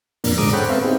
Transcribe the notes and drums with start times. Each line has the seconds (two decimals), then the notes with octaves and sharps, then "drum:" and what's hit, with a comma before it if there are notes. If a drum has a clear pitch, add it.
0.24 F2 A#2 A#3 D4, drum: open hi-hat
0.38 G#2 D3 G#3 A#5 D6 D#6
0.53 A4 C5 C#5 F#5 G5 B5
0.69 B3 C4 A4 B4 E5 F5
0.84 B3 C4 D#4 G4 G#4